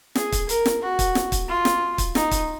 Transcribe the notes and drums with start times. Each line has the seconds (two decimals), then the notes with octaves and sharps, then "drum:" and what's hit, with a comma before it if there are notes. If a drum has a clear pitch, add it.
0.15 G#4, drum: snare
0.32 drum: kick, hi-hat
0.49 A#4, drum: hi-hat
0.66 drum: snare
0.82 F#4
0.99 drum: kick, hi-hat
1.15 drum: snare
1.32 drum: kick, hi-hat
1.49 F4
1.65 drum: snare
1.98 drum: kick, hi-hat
2.15 D#4, drum: snare
2.31 drum: kick, hi-hat